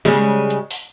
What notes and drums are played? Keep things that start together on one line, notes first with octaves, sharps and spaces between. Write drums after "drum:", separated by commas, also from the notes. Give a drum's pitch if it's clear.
C#3 G3 G#3, drum: snare
drum: hi-hat
drum: open hi-hat